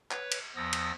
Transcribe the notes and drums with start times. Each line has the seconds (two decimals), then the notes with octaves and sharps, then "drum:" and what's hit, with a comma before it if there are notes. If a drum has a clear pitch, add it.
0.11 B4 C#5, drum: clap
0.32 drum: cymbal
0.56 E2 F3 B3 D#6 E6 A#6
0.73 drum: cymbal